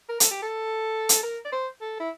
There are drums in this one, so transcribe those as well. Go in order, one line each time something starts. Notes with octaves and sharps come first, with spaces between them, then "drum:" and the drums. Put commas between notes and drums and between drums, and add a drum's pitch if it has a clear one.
A#4
A4, drum: hi-hat
G4
A4
drum: hi-hat
A#4
D5
C5
A4
E4